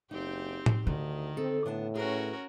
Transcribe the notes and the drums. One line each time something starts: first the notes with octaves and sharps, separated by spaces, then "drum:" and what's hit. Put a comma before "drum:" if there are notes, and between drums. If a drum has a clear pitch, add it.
F#1 C4 D#4 G4
drum: tom A2
D2 D3 D#3
C4 A4
A2 B3 D4 A5
C#4 F#4 G#4 A#4 B4